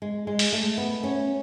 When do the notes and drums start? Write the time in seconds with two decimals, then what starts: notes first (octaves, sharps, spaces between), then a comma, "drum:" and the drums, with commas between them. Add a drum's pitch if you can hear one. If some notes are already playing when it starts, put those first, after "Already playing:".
0.02 G#3
0.27 G#3
0.39 drum: open hi-hat
0.53 A3
0.78 B3
1.03 C#4